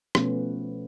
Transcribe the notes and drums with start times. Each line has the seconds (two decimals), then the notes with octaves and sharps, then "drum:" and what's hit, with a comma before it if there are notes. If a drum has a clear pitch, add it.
0.15 B2 F3 A3 B3 C#4, drum: rim click